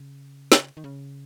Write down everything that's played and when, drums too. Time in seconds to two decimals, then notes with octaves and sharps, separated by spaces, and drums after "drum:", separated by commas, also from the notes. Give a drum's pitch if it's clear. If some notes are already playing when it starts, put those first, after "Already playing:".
Already playing: C#3
0.52 drum: snare
0.77 D#3
0.84 C#3